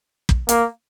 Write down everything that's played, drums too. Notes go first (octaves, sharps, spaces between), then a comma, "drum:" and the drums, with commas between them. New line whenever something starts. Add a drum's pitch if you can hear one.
drum: kick
A#3, drum: hi-hat